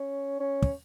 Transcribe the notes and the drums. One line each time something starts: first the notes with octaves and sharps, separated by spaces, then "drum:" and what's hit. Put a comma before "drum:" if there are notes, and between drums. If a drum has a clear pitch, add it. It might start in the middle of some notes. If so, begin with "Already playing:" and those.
Already playing: C#4
C#4
drum: kick